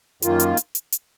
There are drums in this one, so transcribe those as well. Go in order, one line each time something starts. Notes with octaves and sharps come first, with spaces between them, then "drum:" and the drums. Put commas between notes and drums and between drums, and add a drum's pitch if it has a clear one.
F#2 D#3 A#3 F4, drum: hi-hat
drum: hi-hat
drum: hi-hat
drum: hi-hat
drum: hi-hat